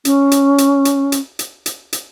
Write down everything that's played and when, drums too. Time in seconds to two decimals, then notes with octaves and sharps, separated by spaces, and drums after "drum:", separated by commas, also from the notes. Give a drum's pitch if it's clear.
0.05 C#4, drum: hi-hat
0.31 drum: hi-hat
0.58 drum: hi-hat
0.85 drum: hi-hat
1.12 drum: hi-hat
1.39 drum: hi-hat
1.66 drum: hi-hat
1.93 drum: hi-hat